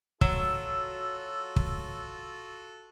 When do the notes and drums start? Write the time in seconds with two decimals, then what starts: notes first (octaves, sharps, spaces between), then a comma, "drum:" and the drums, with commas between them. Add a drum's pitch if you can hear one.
0.21 F#3 F4 F#4 A4 E6, drum: kick
1.56 drum: kick